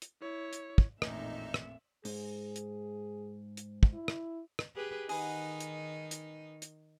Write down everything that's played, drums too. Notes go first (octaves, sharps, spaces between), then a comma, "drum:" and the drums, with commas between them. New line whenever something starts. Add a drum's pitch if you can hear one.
drum: hi-hat
E4 C#5
drum: hi-hat
drum: kick
A1 F2 A#2 D#4 E5, drum: rim click
drum: rim click
G#2 G#4, drum: open hi-hat
drum: hi-hat
drum: hi-hat
drum: kick
E4
drum: rim click
drum: rim click
G4 G#4 B4
D#3 D#4 G#4 B4 F#5, drum: open hi-hat
drum: hi-hat
drum: hi-hat
drum: hi-hat